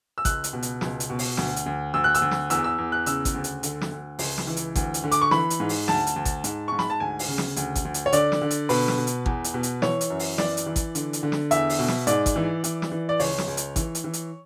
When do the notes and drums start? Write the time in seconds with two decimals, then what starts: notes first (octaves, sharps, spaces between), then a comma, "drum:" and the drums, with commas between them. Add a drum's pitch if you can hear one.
0.18 E6
0.25 C#2 F#6, drum: kick G#1, hi-hat
0.44 drum: hi-hat
0.53 B2
0.62 drum: hi-hat
0.81 C#2, drum: snare
1.00 drum: hi-hat
1.10 B2
1.19 drum: open hi-hat
1.37 D2, drum: snare
1.56 drum: hi-hat
1.66 D2
1.94 D2 E6
2.04 F#6
2.15 E6, drum: hi-hat
2.22 D2
2.31 drum: snare
2.50 E2 E6, drum: hi-hat
2.64 E6
2.78 E2
2.92 F#6
3.06 C#3 E6, drum: hi-hat
3.25 drum: kick G#1, hi-hat
3.35 D2
3.44 drum: hi-hat
3.63 D3, drum: hi-hat
3.81 drum: snare
3.91 D2
4.19 C#2, drum: open hi-hat
4.38 drum: snare
4.47 E3
4.57 drum: hi-hat
4.76 D2, drum: kick G#1, hi-hat
4.94 drum: hi-hat
5.04 D3
5.11 D6, drum: hi-hat
5.22 C#6
5.31 E3 B5, drum: snare
5.50 drum: hi-hat
5.60 G#2
5.69 drum: open hi-hat
5.88 D2 A5, drum: snare
6.07 drum: hi-hat
6.16 D2
6.25 drum: kick G#1, hi-hat
6.44 G#2, drum: hi-hat
6.68 G#2 C#6
6.79 B5, drum: snare
6.90 A5
7.00 D2 G#5
7.19 drum: open hi-hat
7.28 C#3
7.38 drum: snare
7.56 D2, drum: hi-hat
7.75 drum: kick G#1, hi-hat
7.85 D2
7.94 drum: hi-hat
8.06 C#5
8.12 D3 D5, drum: hi-hat
8.32 drum: snare
8.41 D3
8.51 drum: hi-hat
8.69 B2 B4, drum: open hi-hat
8.88 drum: snare
8.98 B2
9.07 drum: hi-hat
9.26 E2, drum: kick G#1
9.44 drum: hi-hat
9.54 B2
9.63 drum: hi-hat
9.82 E3 C#5, drum: snare
10.01 drum: hi-hat
10.10 F#2
10.19 drum: open hi-hat
10.38 E3 D5, drum: snare
10.57 drum: hi-hat
10.66 E3
10.76 drum: kick G#1, hi-hat
10.95 D3, drum: hi-hat
11.13 drum: hi-hat
11.23 D3
11.32 drum: snare
11.51 E2 E5, drum: hi-hat
11.70 drum: open hi-hat
11.79 B2
11.88 drum: snare
12.07 G#2 D5, drum: hi-hat
12.26 drum: kick G#1, hi-hat
12.36 E3
12.64 E3, drum: hi-hat
12.82 drum: snare
12.92 E3
13.09 D5
13.20 C#2 C#5, drum: open hi-hat
13.38 drum: snare
13.48 C#2
13.57 drum: hi-hat
13.76 E3, drum: kick G#1, hi-hat
13.95 drum: hi-hat
14.04 E3
14.13 drum: hi-hat